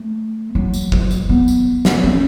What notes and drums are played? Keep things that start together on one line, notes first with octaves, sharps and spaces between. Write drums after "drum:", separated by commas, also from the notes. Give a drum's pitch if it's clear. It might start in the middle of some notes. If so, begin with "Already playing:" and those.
Already playing: A3
F#3
drum: tambourine
drum: kick
drum: tambourine
B3
drum: tambourine
drum: snare
C#4